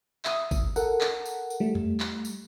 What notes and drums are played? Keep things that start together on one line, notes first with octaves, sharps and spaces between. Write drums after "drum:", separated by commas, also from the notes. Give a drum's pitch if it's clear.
E5 D#6, drum: clap
drum: kick G#1, tambourine
A4 A#4 F#5, drum: tambourine
drum: clap
drum: tambourine
drum: tambourine
G3 A3
drum: tom E2
drum: clap
drum: tambourine